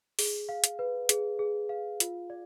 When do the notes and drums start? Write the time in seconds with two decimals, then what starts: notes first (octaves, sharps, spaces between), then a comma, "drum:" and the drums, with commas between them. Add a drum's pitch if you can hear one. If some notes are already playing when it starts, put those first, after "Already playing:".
0.19 G#4, drum: open hi-hat
0.49 F5
0.64 drum: hi-hat
0.79 B4
1.09 G#4, drum: hi-hat
1.39 G#4
1.69 F5
2.00 F4, drum: hi-hat
2.30 D5